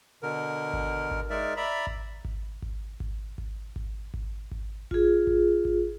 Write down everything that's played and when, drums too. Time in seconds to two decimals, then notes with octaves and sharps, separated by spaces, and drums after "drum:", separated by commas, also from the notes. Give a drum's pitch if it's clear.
0.23 B2 D3 A#4
0.73 drum: kick G#1
1.11 drum: kick G#1
1.30 G#3 D#4 A#4 D5 E5
1.57 D5 E5 A#5 B5
1.87 drum: kick G#1
2.25 drum: kick G#1
2.62 drum: kick G#1
3.00 drum: kick G#1
3.38 drum: kick G#1
3.76 drum: kick G#1
4.14 drum: kick G#1
4.51 drum: kick G#1
4.91 F4 G#4, drum: kick G#1
5.27 drum: kick G#1
5.65 drum: kick G#1